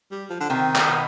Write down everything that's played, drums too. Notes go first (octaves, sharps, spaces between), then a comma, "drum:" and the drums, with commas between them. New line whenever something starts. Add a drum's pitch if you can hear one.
G3
F3
D3
C3 D#3 C4
drum: clap
B2 B3